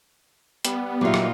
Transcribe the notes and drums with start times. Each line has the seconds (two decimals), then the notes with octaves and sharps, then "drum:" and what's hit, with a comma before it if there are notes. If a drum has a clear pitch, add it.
0.65 G3 B3, drum: hi-hat
1.01 A#2 F#3 D#4 F4 G4 E5
1.14 drum: rim click